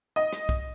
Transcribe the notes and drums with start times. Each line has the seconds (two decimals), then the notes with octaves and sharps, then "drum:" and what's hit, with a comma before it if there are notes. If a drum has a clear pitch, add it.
0.16 D#5
0.33 drum: rim click
0.49 drum: kick